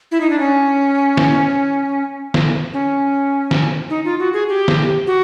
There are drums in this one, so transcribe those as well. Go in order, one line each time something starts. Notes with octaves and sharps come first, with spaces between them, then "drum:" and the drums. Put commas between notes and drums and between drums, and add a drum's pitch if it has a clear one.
E4
D#4
D4
C#4
drum: snare
drum: snare
C#4
drum: snare
D#4
F4
F#4
G#4
G4
drum: snare
F#4